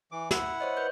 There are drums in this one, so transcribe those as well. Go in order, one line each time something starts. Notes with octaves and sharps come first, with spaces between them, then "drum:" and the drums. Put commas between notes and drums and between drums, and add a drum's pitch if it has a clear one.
E3 D6
E4 F#5 E6, drum: snare
C5 C#5 D#5
B4 C5 G6